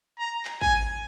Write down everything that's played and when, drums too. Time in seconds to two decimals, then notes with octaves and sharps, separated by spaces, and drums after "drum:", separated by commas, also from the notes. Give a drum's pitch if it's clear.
0.19 A#5
0.45 drum: clap
0.61 G#5, drum: kick